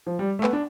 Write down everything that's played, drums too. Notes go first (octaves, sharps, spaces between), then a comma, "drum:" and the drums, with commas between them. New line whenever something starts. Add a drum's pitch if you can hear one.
F3
G3
A3
B3, drum: clap
D4